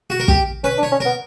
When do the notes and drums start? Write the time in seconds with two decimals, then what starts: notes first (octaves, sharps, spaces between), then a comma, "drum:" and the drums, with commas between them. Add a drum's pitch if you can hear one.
0.10 F#4
0.20 A#4
0.28 G4, drum: kick
0.64 C#4 B4
0.78 D4
0.83 C#5
0.92 C#4
1.00 A#4
1.06 B3